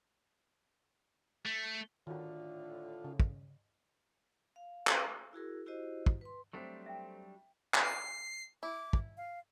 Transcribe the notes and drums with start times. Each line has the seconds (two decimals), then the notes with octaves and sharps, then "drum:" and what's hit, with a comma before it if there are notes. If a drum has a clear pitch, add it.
1.46 A3
2.07 A2 D3 D#3 F4 F#4
3.04 C#3
3.20 drum: kick
4.56 F5
4.87 drum: clap
5.33 E4 F#4 G#4 A#4
5.66 E4 F#4 G4 C5 D#5
6.06 drum: kick
6.21 B4 C6
6.53 F#3 G3 A3 C4 D4 B6
6.86 E5 G5
7.74 drum: clap
7.83 C7
8.63 E4 D6
8.93 drum: kick
9.17 F5